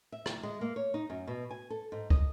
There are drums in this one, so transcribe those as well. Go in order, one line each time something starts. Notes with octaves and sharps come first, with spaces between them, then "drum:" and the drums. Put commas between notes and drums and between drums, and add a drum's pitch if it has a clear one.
E5
drum: rim click
G#3
A#3
C#5
D#4
F#2
B2
G#5
A4
G#2
D#5, drum: kick